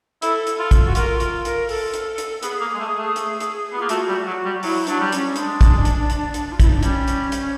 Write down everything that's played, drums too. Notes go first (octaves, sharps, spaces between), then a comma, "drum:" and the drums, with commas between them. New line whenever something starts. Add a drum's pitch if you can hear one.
E4 A4, drum: hi-hat
drum: hi-hat
F4
drum: kick, hi-hat
F#4
F4 A#4, drum: hi-hat
drum: hi-hat
A#4, drum: hi-hat
A4, drum: open hi-hat
drum: hi-hat
drum: hi-hat
B3 G#4, drum: hi-hat
A#3
G#3
A3
A3
drum: hi-hat
drum: hi-hat
B3
A#3 F4
A3 F#4, drum: hi-hat
G3
F#3
G3
F#3 E4, drum: open hi-hat
F#3 D4, drum: hi-hat
G3
C#4, drum: hi-hat
G#3 D4, drum: hi-hat
drum: kick, hi-hat
drum: hi-hat
drum: hi-hat
drum: hi-hat
F4
E4, drum: kick, hi-hat
D#4
D4
G3 C#4, drum: hi-hat
drum: hi-hat
drum: hi-hat